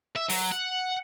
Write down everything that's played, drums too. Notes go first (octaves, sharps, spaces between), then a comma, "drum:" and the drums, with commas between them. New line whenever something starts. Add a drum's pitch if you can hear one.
E5
F#3, drum: open hi-hat
F#5